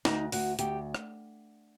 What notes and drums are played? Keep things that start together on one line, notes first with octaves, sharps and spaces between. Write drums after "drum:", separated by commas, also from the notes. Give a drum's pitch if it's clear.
D2 D#4, drum: snare
D2 F#4, drum: open hi-hat
D2 G4, drum: hi-hat
drum: rim click